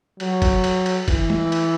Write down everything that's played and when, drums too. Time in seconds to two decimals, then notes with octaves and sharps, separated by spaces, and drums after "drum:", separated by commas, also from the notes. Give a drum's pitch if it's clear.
0.20 F#3, drum: cymbal
0.42 drum: kick, cymbal
0.64 drum: cymbal
0.86 drum: cymbal
1.08 E3, drum: kick, cymbal
1.30 drum: tom
1.52 drum: cymbal